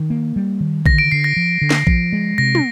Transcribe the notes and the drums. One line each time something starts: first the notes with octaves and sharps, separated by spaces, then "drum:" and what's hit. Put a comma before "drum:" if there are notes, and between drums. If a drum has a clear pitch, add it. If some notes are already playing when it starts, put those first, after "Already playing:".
Already playing: D#3
A#3
G3
D#3
D3 A#6, drum: kick A#1
D7
D3 C7
A#6
F3
D3
drum: snare
F3, drum: kick A#1
G#3
C3 A#6
drum: tom